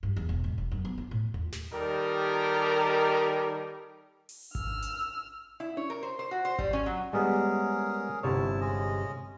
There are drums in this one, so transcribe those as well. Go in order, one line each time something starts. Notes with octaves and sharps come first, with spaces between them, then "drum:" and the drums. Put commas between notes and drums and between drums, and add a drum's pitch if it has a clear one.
G2
E2
E1
G#2
F1
F#2
B3
F4
A2
F4, drum: tom D#2
drum: snare
D#3 G3 D#4 G4 A4 A#4
drum: open hi-hat
E6 F6, drum: kick G#1
drum: hi-hat
E4
C#5, drum: tom C#4
A#4
C5
C5
F#4
C5
G3, drum: kick G#1
C#4
F#3
G3 G#3 B3 C#4 G#4 A#4
G1 C3 E4 C#5 A5
G#3 C#4 D#5